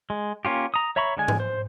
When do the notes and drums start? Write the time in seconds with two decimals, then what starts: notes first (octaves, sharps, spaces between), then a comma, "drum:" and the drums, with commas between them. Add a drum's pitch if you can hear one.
0.10 G#3
0.45 A#3 C#4 F4 G4
0.74 A#5 D#6
0.96 C#5 E5 A#5 B5 C#6
1.17 D3 G#3 G#5
1.28 drum: tom G#2
1.40 C5